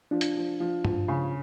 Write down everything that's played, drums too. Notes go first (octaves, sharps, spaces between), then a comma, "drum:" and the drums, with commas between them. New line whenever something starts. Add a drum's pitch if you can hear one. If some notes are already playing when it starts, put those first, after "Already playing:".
F3 D4
drum: hi-hat
F3
F3
F3, drum: tom G2
C#3